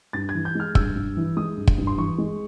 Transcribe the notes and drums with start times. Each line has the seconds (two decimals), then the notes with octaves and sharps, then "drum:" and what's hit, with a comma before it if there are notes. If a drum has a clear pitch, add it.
0.13 G2 A6
0.29 G#6
0.35 E3
0.45 G6
0.55 G#3 F6
0.75 G2 E6, drum: kick
0.95 G2
1.17 E3
1.37 G#3 D#6
1.57 G2
1.67 drum: kick
1.77 G2
1.87 C6
1.98 E3 C#6
2.18 G#3